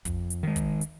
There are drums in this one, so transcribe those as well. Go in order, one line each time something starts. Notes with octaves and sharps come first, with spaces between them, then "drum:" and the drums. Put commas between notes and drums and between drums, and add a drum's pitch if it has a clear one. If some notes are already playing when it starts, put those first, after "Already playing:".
F2, drum: kick, hi-hat
drum: hi-hat
D#3 G#3
drum: kick, hi-hat
drum: hi-hat